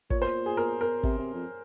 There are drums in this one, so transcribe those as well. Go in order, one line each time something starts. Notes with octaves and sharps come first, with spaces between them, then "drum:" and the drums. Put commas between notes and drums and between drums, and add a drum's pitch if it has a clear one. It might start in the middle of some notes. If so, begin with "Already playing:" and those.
A#2 C#5, drum: kick
C5
G#4
A#4
A#4
C3, drum: kick
C3
F2